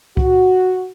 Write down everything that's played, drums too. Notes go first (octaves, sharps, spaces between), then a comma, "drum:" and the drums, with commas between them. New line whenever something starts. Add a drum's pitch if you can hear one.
F#4, drum: kick C2